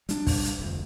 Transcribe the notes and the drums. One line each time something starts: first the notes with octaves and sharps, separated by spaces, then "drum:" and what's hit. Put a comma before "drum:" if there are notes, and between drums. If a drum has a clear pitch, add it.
G3 D4, drum: hi-hat
drum: kick, open hi-hat
drum: hi-hat
F1 D2